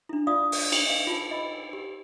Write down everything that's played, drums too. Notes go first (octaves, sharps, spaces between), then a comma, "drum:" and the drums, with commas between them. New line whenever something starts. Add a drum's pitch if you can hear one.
D4 E4
F4 D5 F5 D#6
drum: open hi-hat
drum: cymbal
D#5 F5
F4 A5
D#5 B5
G4